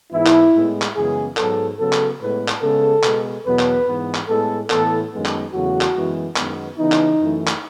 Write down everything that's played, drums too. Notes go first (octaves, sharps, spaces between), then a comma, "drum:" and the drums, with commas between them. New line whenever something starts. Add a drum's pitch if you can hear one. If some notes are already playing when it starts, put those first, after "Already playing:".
G#2 E3 B3 E4
drum: clap
A2 G#3 B3
drum: clap
F#2 C#3 E3 G#3 B3 G#4
G#2 F#3 B3 A4, drum: clap
C#3 F#3 B3 A4
drum: clap
A2 G#3 B3 B4
drum: clap
C#3 G#3 B3 A4
B2 G#3 B3, drum: clap
E2 B2 F#3 B3 B4
drum: clap
G#2 E3 B3
drum: clap
A2 G#3 B3 A4
A2 E3 B3 A4, drum: clap
F#2 D#3 G#3 B3
drum: clap
E2 C#3 F#3 A3 F#4
drum: clap
F#2 E3 G#3 B3
F#2 D#3 G#3 B3, drum: clap
C#3 E3 B3 D#4
drum: clap
F#2 E3 A3
drum: clap